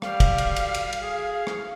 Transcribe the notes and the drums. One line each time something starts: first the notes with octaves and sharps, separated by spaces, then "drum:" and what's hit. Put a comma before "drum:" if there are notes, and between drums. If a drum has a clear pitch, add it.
G3 F5, drum: rim click
drum: kick, cymbal
drum: cymbal
drum: cymbal
drum: cymbal
drum: cymbal
G#4
F5
drum: rim click